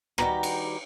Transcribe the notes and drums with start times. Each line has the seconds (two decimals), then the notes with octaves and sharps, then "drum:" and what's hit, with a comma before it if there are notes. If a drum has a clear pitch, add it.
0.18 D#3 G3 F#4 G4 B4 A#5, drum: rim click
0.43 drum: cymbal